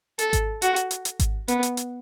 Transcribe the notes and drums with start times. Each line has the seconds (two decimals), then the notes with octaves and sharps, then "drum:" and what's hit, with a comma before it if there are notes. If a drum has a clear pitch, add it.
0.19 A4, drum: hi-hat
0.33 drum: kick G#1, hi-hat
0.62 F#4, drum: hi-hat
0.76 drum: hi-hat
0.91 drum: hi-hat
1.05 drum: hi-hat
1.19 drum: kick G#1, hi-hat
1.48 B3, drum: hi-hat
1.63 drum: hi-hat
1.77 drum: hi-hat